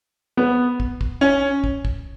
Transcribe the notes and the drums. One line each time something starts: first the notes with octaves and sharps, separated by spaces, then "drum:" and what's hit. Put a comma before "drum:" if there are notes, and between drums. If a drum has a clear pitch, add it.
B3
drum: kick
drum: kick
C#4
drum: kick
drum: kick